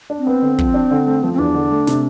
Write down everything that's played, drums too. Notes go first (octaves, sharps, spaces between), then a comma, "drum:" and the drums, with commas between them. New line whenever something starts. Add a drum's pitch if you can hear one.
D4
C4
B3
D3
F3, drum: kick
D4
D3
A3
F3
C4
E2 D4
D3
A3
C3, drum: snare